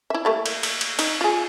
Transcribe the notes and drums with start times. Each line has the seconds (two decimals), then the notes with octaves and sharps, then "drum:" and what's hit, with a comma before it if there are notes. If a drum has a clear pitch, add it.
0.10 E4 E5
0.25 G3 A3 A#3
0.46 drum: cymbal
0.63 drum: cymbal
0.81 drum: cymbal
0.99 D#4, drum: cymbal
1.21 F4 G#4